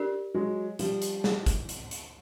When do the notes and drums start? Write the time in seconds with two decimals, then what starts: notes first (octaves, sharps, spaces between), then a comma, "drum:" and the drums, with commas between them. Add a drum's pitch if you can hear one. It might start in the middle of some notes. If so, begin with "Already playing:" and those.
Already playing: D4 G4 A#4 D5
0.34 F#3 G#3
0.79 F3 G3, drum: hi-hat
1.02 drum: hi-hat
1.24 drum: snare
1.46 drum: kick, hi-hat
1.69 drum: hi-hat
1.91 drum: hi-hat